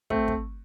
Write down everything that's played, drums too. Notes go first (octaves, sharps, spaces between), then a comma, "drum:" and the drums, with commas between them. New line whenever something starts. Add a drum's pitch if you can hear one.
A3 C4, drum: kick
drum: kick